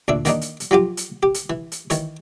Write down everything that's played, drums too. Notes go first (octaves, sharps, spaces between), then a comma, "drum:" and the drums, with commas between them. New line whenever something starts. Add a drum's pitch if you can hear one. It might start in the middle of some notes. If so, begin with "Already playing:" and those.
D2 A#2 D4 E5
D#3 A#3 D4 D#4, drum: hi-hat
drum: hi-hat
drum: hi-hat
F3 F#3 F4 G4
drum: hi-hat
G4
drum: hi-hat
E3
drum: hi-hat
D#3 E3 C#5, drum: hi-hat